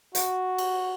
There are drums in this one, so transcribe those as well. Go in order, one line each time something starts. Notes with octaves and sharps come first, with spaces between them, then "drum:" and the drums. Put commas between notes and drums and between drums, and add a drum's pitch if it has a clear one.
F#4, drum: hi-hat
drum: cymbal